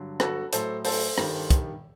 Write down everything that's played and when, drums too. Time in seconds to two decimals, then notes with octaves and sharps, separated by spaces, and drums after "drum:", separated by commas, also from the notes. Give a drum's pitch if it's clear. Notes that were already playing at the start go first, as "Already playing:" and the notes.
Already playing: G2 D3 F#3
0.20 F#4 A4, drum: rim click
0.53 A2 F#3 A4 C5, drum: hi-hat
0.85 A4 C5, drum: open hi-hat
1.18 G2 D#3 G3, drum: rim click
1.50 drum: kick, hi-hat